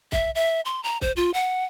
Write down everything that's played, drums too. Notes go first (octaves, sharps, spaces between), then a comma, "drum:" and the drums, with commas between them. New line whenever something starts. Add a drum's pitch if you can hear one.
E5, drum: kick
E5
C6
A#5
C5, drum: kick
F4
F#5